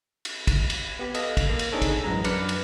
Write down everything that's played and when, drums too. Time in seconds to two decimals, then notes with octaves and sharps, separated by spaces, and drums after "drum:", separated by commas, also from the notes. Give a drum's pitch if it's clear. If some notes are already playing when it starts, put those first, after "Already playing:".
0.25 drum: cymbal
0.47 drum: kick, cymbal
0.70 drum: cymbal
0.99 B3 G4
1.15 A4 D#5 F5, drum: cymbal
1.37 drum: kick, cymbal
1.50 A#3
1.59 drum: cymbal
1.72 C4 D4 D#4 G#4 A4 C#5
1.82 drum: kick, cymbal
2.04 A1 F#2 E3 G#3 A#5
2.24 F#2 D4 B4 D5 F6 C#7, drum: cymbal
2.49 drum: cymbal